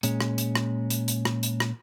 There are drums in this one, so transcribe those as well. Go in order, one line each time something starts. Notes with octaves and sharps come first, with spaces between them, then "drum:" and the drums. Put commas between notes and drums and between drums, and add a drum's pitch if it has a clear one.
A#2 G#3 C#4, drum: hi-hat
drum: rim click
drum: hi-hat
drum: rim click
drum: hi-hat
drum: hi-hat
drum: rim click
drum: hi-hat
drum: rim click